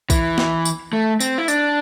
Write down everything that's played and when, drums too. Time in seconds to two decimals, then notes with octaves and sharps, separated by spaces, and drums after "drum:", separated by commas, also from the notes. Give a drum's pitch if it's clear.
0.10 E3, drum: kick A#1, tambourine
0.38 drum: snare
0.65 drum: tambourine
0.93 A3
1.20 C4, drum: tambourine
1.38 E4
1.48 D4, drum: tambourine